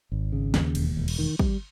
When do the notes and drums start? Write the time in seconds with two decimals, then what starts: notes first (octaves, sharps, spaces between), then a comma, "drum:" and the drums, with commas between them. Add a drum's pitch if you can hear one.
0.12 G#1
0.33 C#3
0.54 D#2, drum: snare
0.75 E1, drum: cymbal
0.97 E1
1.08 drum: cymbal
1.19 D#3
1.39 G3, drum: kick